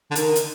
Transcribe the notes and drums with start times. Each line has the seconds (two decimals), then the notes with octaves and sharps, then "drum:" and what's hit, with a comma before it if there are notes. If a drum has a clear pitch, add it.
0.11 D3
0.15 D#3, drum: hi-hat
0.36 drum: hi-hat